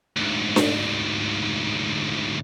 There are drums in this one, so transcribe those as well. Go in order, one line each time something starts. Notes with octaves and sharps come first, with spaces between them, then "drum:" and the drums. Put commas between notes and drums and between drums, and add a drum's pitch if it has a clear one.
D2 G#2
drum: snare D4